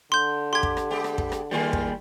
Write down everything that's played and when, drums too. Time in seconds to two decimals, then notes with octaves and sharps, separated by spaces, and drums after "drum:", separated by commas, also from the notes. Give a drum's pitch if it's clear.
0.12 D3 C6 G6
0.53 G4 C6 G#6
0.63 drum: kick
0.77 drum: rim click
0.90 G#3 B3 G4
1.04 drum: rim click
1.18 drum: kick
1.32 drum: rim click
1.51 D#3 G3 A#3 F4 G#4
1.73 drum: kick